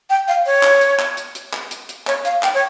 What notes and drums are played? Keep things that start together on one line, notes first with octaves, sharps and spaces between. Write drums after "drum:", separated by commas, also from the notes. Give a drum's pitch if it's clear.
G5
F5
C#5
drum: clap
drum: hi-hat
drum: clap
drum: hi-hat
drum: hi-hat
drum: clap
drum: hi-hat
drum: hi-hat
C#5, drum: clap
F5, drum: hi-hat
G5, drum: clap
C#5